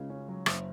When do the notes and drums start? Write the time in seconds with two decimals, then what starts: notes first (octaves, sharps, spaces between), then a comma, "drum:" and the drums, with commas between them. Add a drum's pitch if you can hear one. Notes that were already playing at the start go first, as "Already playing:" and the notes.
Already playing: C#2 C#3 G#3
0.10 C#4
0.28 F#3
0.46 F#1, drum: rim click